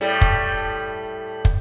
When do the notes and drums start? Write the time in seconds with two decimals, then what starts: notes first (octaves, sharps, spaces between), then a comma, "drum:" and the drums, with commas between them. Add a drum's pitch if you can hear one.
0.01 A2 G3 A3
0.21 drum: kick
1.45 drum: kick